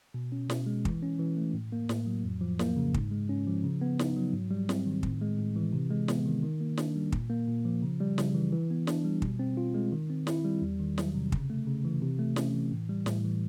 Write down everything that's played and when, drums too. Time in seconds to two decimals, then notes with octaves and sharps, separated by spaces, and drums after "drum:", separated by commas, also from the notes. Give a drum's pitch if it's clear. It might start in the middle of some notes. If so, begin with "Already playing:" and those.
0.14 B2
0.32 C#4
0.50 B2, drum: snare
0.66 G#3
0.85 E3, drum: kick
1.02 C#4
1.19 E3
1.37 A3
1.54 A2
1.72 A#3
1.89 A2, drum: snare
2.06 F#3
2.24 F2
2.41 F3
2.59 A#3, drum: snare
2.76 C#3
2.94 G#2, drum: kick
3.11 G#3
3.29 C#4
3.47 F3
3.64 C#3
3.81 B3
3.99 D#4, drum: snare
4.16 F#3
4.34 G#2
4.51 G3
4.69 C4, drum: snare
4.86 D#3
5.03 A2, drum: kick
5.21 G#3
5.39 A2
5.56 E3
5.73 C3
5.91 G#3
6.08 B3, drum: snare
6.26 D#3
6.43 D#3
6.61 A#3
6.77 D4, drum: snare
6.96 G3
7.12 A#2, drum: kick
7.30 A#3
7.47 A#2
7.65 F3
7.82 C#3
8.01 G3
8.18 C#3, drum: snare
8.35 E3
8.52 E3
8.71 B3
8.87 D4, drum: snare
9.05 G3
9.22 B2, drum: kick
9.39 C4
9.57 F4
9.74 G#3
9.92 D#3
10.10 C4
10.27 E4, drum: snare
10.44 G3
10.62 E2
10.80 D#3
10.98 F#3, drum: snare
11.15 C3
11.32 C#3, drum: kick
11.50 A3
11.67 C#3
11.85 E3
12.02 C3
12.19 A3
12.36 C#4, drum: snare
12.54 E3
12.72 A2
12.89 G3
13.06 A2, drum: snare
13.24 E3